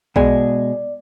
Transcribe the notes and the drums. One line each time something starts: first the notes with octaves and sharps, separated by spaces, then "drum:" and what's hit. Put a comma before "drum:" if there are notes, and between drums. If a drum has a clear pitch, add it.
B2 G#3 G#4 D5, drum: kick B1